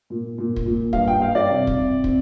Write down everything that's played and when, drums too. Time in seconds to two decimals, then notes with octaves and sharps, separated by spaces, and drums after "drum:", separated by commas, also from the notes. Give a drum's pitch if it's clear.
0.10 A#2
0.38 A#2
0.56 drum: kick
0.66 A#2
0.93 G2 F5, drum: kick
1.08 G5
1.21 G2 F5
1.35 D5
1.49 C3
1.67 drum: kick
1.77 C3
2.04 C4, drum: kick